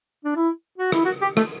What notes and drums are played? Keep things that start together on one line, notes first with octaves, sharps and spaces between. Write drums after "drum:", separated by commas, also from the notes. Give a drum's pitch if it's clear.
D4
E4
F#4
E4, drum: rim click
F#4
G4
A3, drum: rim click